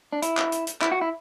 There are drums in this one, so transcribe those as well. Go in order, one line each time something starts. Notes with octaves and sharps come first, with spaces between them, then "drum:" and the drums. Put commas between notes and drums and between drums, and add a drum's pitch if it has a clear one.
D4
E4, drum: hi-hat
drum: clap
drum: hi-hat
drum: hi-hat
E4, drum: clap
F#4
E4